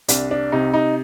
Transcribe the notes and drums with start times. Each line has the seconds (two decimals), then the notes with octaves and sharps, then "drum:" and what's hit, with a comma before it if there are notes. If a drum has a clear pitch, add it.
0.08 C2 D4, drum: hi-hat
0.31 D4
0.52 C3 D#4
0.74 D#4